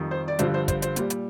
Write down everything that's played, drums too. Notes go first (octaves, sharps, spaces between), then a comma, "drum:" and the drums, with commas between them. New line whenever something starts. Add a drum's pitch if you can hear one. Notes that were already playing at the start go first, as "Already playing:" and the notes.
Already playing: F2 D#3 G3
C5
D5
G2 D3 F3 C5, drum: hi-hat
C5
C5, drum: kick, hi-hat
C5, drum: hi-hat
A#2 G3, drum: hi-hat
drum: hi-hat